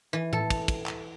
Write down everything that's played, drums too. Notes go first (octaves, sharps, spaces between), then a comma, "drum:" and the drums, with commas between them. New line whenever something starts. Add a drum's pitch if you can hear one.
E3
A4, drum: tom A2
drum: kick, cymbal
drum: kick, cymbal
drum: clap